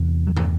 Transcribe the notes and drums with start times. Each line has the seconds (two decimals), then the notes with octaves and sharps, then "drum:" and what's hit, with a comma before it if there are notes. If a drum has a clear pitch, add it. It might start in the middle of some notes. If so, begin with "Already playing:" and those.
Already playing: E2 C3
0.27 F#3
0.37 E3, drum: tom